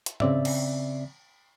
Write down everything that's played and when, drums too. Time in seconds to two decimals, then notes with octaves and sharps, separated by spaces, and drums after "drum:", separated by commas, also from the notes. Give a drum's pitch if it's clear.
0.06 drum: hi-hat
0.20 C#3 C4 D5 E5, drum: tom G#2
0.45 drum: cymbal